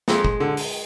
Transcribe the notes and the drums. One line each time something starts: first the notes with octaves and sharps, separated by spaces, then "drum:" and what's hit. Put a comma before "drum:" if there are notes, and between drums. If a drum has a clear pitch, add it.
F2 G#3, drum: snare
drum: kick
D3
drum: open hi-hat